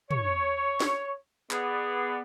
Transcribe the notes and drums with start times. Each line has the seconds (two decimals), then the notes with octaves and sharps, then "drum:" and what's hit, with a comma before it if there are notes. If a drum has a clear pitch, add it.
0.11 C#5, drum: tom
0.80 drum: snare
1.51 B3 G#4 D5, drum: clap